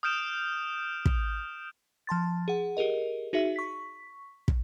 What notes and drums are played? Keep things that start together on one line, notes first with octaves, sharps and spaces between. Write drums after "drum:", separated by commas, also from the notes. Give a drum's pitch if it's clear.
D#6 F6 G6 D7 E7
drum: kick
F3 A5 C6 A6
G#4 F#5
G4 G#4 A#4 D#5
D#4 F#4 G#4 E5
C#6 B6
drum: kick